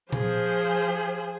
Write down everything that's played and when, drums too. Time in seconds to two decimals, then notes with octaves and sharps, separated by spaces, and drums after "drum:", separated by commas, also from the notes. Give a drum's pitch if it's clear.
0.13 F3 G#4 C5, drum: tom A#2